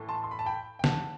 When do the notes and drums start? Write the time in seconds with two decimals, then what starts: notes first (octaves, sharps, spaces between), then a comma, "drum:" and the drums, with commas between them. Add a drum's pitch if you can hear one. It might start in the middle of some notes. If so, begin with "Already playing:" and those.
Already playing: A2 E3 A3
0.09 A5 C6
0.24 C6
0.31 B5
0.39 A5
0.46 G5 B5
0.79 G5
0.84 F#5 A5, drum: snare